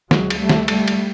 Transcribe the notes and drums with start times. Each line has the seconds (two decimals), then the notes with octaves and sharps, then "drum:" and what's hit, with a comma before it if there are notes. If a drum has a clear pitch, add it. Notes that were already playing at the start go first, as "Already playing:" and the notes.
0.11 D2 C3 F#3 G#3, drum: snare
0.30 drum: cymbal
0.40 G3 A3
0.49 drum: snare
0.68 G3 A3, drum: cymbal
0.88 drum: cymbal